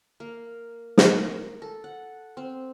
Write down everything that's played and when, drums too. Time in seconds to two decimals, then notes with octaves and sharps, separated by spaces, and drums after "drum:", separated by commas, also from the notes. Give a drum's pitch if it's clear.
0.20 A#3
0.98 A#4, drum: snare
1.62 A4
1.84 F#5
2.37 C4